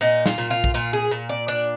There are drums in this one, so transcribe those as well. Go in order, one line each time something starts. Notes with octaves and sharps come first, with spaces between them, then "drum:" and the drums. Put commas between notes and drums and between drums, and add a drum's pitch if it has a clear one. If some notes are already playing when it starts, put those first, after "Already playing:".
A#2 D#4
F4, drum: snare
A#2
F4
drum: kick B1
A#2 F4
G#4
A#2
D5
D4 D5